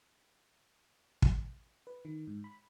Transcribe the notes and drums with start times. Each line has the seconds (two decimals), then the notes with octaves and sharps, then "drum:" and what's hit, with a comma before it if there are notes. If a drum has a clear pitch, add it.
1.22 drum: kick
1.87 B4
2.05 D#3
2.27 G#2
2.44 B5